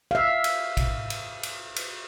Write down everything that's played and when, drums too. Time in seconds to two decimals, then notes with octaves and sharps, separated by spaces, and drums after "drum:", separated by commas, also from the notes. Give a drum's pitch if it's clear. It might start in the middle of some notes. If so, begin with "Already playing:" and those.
0.11 E5 F5
0.44 drum: cymbal
0.77 drum: kick G#1, cymbal
1.10 drum: cymbal
1.43 drum: cymbal
1.76 drum: cymbal